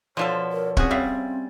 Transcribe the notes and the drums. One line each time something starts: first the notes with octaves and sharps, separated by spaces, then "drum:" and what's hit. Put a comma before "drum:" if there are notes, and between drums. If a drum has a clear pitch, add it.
B2 D3 F3 F4 A4 C#5
A#4
C4 C#4 F#4 G#4, drum: kick D1
G3 E5 F5